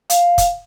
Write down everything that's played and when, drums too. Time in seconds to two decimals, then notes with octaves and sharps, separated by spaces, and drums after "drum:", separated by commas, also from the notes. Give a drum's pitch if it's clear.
0.10 F5, drum: hi-hat
0.38 drum: kick, hi-hat